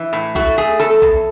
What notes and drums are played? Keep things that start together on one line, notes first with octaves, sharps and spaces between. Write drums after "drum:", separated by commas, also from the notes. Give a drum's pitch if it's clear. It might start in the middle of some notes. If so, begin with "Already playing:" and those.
Already playing: E3
A2
A3 F#4, drum: kick A#1
A3 G#4
E2 A4
E2, drum: kick A#1